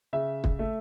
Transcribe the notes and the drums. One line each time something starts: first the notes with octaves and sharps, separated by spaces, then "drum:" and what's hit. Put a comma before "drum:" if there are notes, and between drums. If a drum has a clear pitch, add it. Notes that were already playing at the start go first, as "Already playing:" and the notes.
C#3 E5
drum: kick
A3